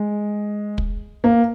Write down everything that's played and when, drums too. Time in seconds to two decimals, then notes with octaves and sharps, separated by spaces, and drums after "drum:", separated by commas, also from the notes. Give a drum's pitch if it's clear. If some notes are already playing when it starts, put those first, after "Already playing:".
Already playing: G#3
0.78 drum: kick
1.24 A#3